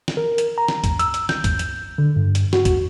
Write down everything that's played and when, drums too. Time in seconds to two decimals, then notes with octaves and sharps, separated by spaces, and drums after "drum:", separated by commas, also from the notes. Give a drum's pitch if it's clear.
0.08 drum: snare
0.17 A#4
0.38 drum: hi-hat
0.58 A#5
0.68 drum: snare
0.84 drum: kick, hi-hat
0.99 E6, drum: hi-hat
1.14 drum: hi-hat
1.29 G6, drum: snare
1.44 drum: kick, hi-hat
1.59 drum: hi-hat
1.98 D3
2.16 G2
2.35 drum: hi-hat
2.53 F#4, drum: snare
2.65 drum: kick, hi-hat